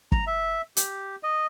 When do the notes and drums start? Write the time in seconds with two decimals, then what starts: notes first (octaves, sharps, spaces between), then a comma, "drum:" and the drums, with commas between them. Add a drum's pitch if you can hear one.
0.12 A#5, drum: kick
0.27 E5
0.77 G4, drum: hi-hat
1.23 D#5